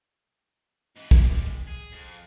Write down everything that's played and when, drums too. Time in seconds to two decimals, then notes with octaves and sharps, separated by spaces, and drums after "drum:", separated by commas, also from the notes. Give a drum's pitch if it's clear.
0.96 G#2 E3
1.11 G3 G#3, drum: kick
1.67 G#4
1.92 F2